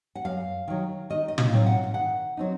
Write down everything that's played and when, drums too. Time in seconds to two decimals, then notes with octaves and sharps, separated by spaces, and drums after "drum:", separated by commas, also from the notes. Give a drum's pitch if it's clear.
0.15 F#5
0.25 F#2 F5
0.68 D#3 F#3
1.10 D#3 D#5
1.28 D#5
1.38 F5, drum: tom
1.52 F#3 C4 D#4 F5
1.66 F#5
1.83 F5
1.94 D#3 F#5
2.37 F#3 C4 D#4